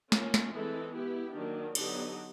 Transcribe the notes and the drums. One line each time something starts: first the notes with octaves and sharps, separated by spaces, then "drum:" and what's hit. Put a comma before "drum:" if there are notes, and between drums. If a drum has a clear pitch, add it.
A#3 C#4 F4, drum: snare
drum: snare
E3 G#3 C4 E4 A4
B3 E4 G4
D#3 F#3 A#3 D4
D3 F#3 B3 D#4 G4, drum: cymbal